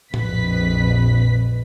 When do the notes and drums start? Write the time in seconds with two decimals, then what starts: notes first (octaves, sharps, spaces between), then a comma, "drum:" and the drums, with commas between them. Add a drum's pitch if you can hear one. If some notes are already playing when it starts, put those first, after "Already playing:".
0.14 A#1 F2 B4 B6, drum: tom A2